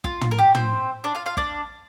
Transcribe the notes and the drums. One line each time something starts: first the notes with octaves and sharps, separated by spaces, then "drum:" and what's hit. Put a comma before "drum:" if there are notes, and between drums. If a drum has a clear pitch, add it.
F4, drum: kick
drum: tom
A#4
G4
C4 C5, drum: tom
D4 D5
F4 F5
F4 F5
D4 D5, drum: kick